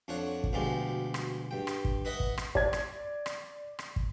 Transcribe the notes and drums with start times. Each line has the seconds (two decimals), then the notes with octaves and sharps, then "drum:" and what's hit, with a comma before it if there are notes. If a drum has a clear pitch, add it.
0.08 F2 F3 D4 C#5 F#5
0.44 drum: kick
0.53 D2 B2 F3 G#3 G4 D5
1.14 drum: rim click
1.51 G2 G5
1.67 drum: rim click
1.85 drum: kick
2.05 B4 D#5 E5 F#5
2.20 drum: kick
2.38 drum: rim click
2.55 D5 G#6, drum: kick
2.73 drum: rim click
3.26 drum: rim click
3.79 drum: rim click
3.96 drum: kick